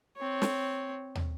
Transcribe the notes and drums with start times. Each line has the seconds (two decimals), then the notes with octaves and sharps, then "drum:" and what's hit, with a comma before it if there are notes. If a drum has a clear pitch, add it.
0.17 C4 C#5
0.42 drum: snare
1.15 drum: tom